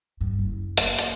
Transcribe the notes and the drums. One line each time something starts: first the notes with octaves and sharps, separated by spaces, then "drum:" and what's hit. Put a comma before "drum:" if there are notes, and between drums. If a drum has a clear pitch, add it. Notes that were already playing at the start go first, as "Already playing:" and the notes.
G2
F#1
A#3, drum: hi-hat
drum: hi-hat